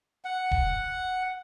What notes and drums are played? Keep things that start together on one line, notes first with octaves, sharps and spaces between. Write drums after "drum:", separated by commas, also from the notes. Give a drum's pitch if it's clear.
F#5
drum: kick D#1